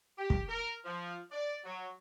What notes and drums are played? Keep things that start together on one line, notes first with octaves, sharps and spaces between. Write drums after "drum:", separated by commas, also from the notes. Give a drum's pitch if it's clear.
G4
drum: kick
A#4
F3
D5
F#3